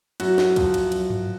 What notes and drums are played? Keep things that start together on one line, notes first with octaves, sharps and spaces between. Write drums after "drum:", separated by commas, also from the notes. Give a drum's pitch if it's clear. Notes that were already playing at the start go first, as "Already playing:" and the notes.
F#2 F#4, drum: cymbal
drum: snare
F3, drum: kick, cymbal
drum: cymbal
F#2, drum: cymbal
drum: tom G2